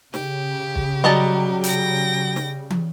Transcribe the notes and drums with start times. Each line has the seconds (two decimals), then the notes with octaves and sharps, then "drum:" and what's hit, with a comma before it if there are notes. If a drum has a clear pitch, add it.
0.14 C#3 G4, drum: snare
0.75 drum: kick
1.04 F#3 G3 D#5 A5 A#5
1.64 G5 A#6, drum: hi-hat
2.36 drum: snare
2.70 drum: tom